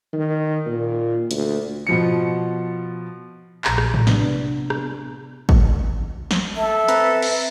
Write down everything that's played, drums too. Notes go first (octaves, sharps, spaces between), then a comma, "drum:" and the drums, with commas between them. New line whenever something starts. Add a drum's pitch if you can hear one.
D#3
A#2
D2, drum: hi-hat
B2 F3 C#7
A#1 A#5, drum: clap
drum: rim click
drum: tom A2
C3 B3 D4, drum: snare
drum: rim click
drum: kick
drum: snare
A4 E5
C4 B4 A#5, drum: hi-hat
drum: cymbal